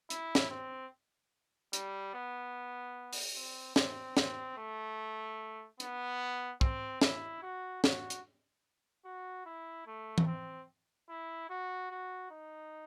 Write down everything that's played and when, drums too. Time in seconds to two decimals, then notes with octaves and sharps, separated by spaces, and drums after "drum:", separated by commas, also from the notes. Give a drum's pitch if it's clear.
0.10 E4, drum: hi-hat
0.35 drum: snare
0.51 C4
1.73 G3, drum: hi-hat
2.14 B3
3.13 drum: open hi-hat
3.36 C4
3.76 C4, drum: snare
4.17 C4, drum: snare
4.57 A3
5.80 B3, drum: hi-hat
6.61 C4, drum: kick
7.01 E4, drum: snare
7.43 F#4
7.84 F#4, drum: snare
8.10 drum: hi-hat
9.05 F#4
9.46 E4
9.87 A3
10.18 drum: tom E3
10.27 C4
11.09 E4
11.50 F#4
11.91 F#4
12.31 D#4